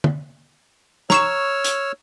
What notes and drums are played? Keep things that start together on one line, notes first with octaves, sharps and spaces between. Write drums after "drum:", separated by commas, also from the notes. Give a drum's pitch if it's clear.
drum: tom
C#5 A#5 C#6 E6 F6 E7, drum: snare
drum: hi-hat